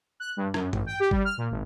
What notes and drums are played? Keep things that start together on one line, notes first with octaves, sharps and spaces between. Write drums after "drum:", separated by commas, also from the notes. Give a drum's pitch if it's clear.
F#6
G2
F#2, drum: rim click
A1, drum: tom G2
G5
G4
G3, drum: kick
F6
A#2
G#1